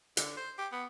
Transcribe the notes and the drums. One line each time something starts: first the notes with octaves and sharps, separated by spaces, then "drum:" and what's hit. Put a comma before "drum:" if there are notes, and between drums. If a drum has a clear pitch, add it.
D3, drum: hi-hat
C5
G4
B3